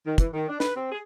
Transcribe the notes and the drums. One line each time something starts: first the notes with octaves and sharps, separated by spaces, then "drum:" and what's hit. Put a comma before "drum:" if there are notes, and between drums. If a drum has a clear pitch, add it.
D#3
E3, drum: kick, hi-hat
D#3
D4
B4, drum: snare
C4
G#4